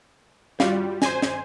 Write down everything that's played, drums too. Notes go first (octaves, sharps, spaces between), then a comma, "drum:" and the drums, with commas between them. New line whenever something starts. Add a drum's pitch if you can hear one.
G3 F4 F#4 F5, drum: snare
C5 G#5, drum: snare
drum: snare